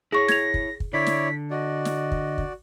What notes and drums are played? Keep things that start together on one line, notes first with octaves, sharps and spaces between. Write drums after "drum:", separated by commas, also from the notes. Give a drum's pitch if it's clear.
E4 G#4 C#5 C#6 A#6
G#6 F7, drum: snare
drum: kick
drum: kick
D3 E4 C#5 D5 B6
drum: snare
F#4 D5 D#5
drum: snare
drum: kick
drum: kick